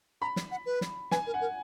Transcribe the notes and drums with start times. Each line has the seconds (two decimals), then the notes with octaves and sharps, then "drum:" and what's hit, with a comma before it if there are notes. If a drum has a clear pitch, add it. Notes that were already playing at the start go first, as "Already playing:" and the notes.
0.22 A#5 B5
0.36 drum: snare
0.51 F#5
0.66 B4
0.81 drum: snare
1.11 B4 G#5, drum: snare
1.27 A#4
1.34 F#5
1.41 A#4